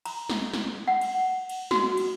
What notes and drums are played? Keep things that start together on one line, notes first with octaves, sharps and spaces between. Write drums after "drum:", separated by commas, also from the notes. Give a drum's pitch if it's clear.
A#5, drum: cymbal
drum: snare
drum: snare
F#5
drum: cymbal
drum: cymbal
F#4, drum: snare
drum: cymbal